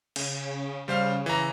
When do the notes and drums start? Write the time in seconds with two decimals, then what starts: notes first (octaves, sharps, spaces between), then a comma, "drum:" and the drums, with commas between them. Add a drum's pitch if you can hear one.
0.16 C#3, drum: cymbal
0.88 C#3 G3 C5 F5
1.26 E3 A#5